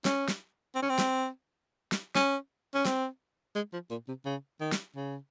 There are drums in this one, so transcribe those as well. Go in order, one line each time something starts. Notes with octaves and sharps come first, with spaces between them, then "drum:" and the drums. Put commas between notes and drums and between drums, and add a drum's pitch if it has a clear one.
C#4, drum: snare
drum: snare
C4
C#4
C4
drum: snare
drum: snare
C#4, drum: snare
C#4
C4, drum: snare
G#3
F3
A#2
C3
C#3
D#3
drum: snare
C#3